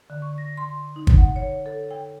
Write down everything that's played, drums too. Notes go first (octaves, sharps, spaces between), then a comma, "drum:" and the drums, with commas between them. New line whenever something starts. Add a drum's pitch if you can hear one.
D3
C#6
A#6
C6
D#4
drum: kick
F#5
C#5
A4
G5